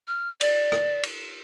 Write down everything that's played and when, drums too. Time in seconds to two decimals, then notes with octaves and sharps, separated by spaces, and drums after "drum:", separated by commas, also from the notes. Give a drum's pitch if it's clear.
0.08 F6
0.41 D5, drum: cymbal
0.72 drum: rim click
1.03 drum: cymbal